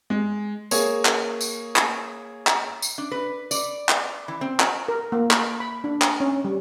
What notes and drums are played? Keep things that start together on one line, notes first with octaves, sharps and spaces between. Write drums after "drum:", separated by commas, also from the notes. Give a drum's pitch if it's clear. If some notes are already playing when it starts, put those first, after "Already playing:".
G#3
A#3 G#4 C#5, drum: tambourine
drum: clap
drum: tambourine
drum: clap
drum: clap
drum: tambourine
D4
B4
D5, drum: tambourine
drum: clap
E3
C4
drum: clap
A#4
A#3
drum: clap
B5
D4
drum: clap
C#4
G3